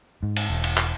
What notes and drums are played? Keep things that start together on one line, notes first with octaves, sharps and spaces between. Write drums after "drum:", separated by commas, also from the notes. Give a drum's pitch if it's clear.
G#2
drum: cymbal
E1
drum: cymbal
drum: clap